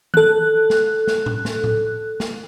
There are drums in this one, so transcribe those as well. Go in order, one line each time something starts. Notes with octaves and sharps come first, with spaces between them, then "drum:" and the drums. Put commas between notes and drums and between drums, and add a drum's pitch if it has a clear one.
A4 F#6, drum: tom D#3
drum: snare
drum: snare
drum: tom A2
drum: snare
drum: tom A2
drum: snare